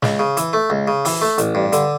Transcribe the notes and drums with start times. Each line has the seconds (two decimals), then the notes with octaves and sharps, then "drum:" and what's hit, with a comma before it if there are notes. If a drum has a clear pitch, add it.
0.03 C#2, drum: snare
0.19 C#3
0.37 E3, drum: hi-hat
0.53 A3
0.70 C#2
0.88 C#3
1.05 E3, drum: open hi-hat
1.22 A3
1.38 A1, drum: hi-hat
1.55 G2
1.73 D3, drum: hi-hat